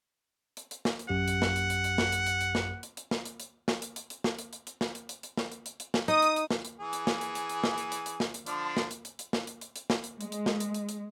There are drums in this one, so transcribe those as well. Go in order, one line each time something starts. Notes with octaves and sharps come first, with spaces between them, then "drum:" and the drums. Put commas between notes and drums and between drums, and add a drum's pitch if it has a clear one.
drum: hi-hat
drum: hi-hat
drum: snare
drum: hi-hat
A1 F#2 G4 F#5
drum: hi-hat
drum: snare
drum: hi-hat
drum: hi-hat
drum: hi-hat
drum: snare
drum: hi-hat
drum: hi-hat
drum: hi-hat
drum: snare
drum: hi-hat
drum: hi-hat
drum: snare
drum: hi-hat
drum: hi-hat
drum: snare
drum: hi-hat
drum: hi-hat
drum: hi-hat
drum: snare
drum: hi-hat
drum: hi-hat
drum: hi-hat
drum: snare
drum: hi-hat
drum: hi-hat
drum: hi-hat
drum: snare
drum: hi-hat
drum: hi-hat
drum: hi-hat
drum: snare
D#4 D#6, drum: hi-hat
drum: hi-hat
drum: hi-hat
drum: snare
drum: hi-hat
E3 G#4
drum: hi-hat
drum: snare
drum: hi-hat
drum: hi-hat
drum: hi-hat
drum: snare
drum: hi-hat
drum: hi-hat
drum: hi-hat
drum: snare
drum: hi-hat
D3 F3 D4, drum: hi-hat
drum: snare
drum: hi-hat
drum: hi-hat
drum: hi-hat
drum: snare
drum: hi-hat
drum: hi-hat
drum: hi-hat
drum: snare
drum: hi-hat
G#3, drum: hi-hat
drum: hi-hat
drum: snare
drum: hi-hat
drum: hi-hat
drum: hi-hat